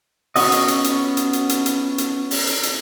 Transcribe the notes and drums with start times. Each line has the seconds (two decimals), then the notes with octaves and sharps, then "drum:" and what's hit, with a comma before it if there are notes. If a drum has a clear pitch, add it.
0.36 B3 C#4 F#4 D#5, drum: open hi-hat
0.52 drum: hi-hat
0.68 drum: hi-hat
0.84 drum: hi-hat
1.17 drum: hi-hat
1.33 drum: hi-hat
1.49 drum: hi-hat
1.66 drum: hi-hat
1.98 drum: hi-hat
2.31 drum: open hi-hat
2.47 drum: hi-hat
2.63 drum: hi-hat